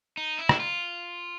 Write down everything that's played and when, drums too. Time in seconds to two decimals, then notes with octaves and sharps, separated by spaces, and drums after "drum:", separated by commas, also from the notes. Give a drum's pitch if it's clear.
0.17 D#4
0.39 E4
0.49 drum: rim click
0.60 F4